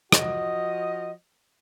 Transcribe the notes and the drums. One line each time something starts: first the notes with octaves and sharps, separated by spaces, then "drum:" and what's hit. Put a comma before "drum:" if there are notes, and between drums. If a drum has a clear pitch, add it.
F3 F#4 D#5, drum: rim click